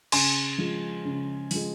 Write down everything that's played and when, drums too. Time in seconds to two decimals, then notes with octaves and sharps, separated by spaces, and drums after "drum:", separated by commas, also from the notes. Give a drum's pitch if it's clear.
0.12 C#3 G#5 C6, drum: cymbal
0.58 F3 G#3
1.05 C#3
1.51 F3 G#3, drum: open hi-hat